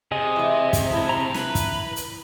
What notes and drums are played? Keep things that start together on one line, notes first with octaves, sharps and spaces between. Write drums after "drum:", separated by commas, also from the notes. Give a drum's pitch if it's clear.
C3 G#4 D#5
E3 E5
drum: kick, hi-hat
E4 A5
A#5 B5
B4, drum: snare
drum: kick, hi-hat
drum: hi-hat